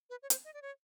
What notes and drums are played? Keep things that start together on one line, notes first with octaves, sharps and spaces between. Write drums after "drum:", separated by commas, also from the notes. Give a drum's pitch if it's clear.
B4
C#5
C5, drum: hi-hat
D#5
D5
C#5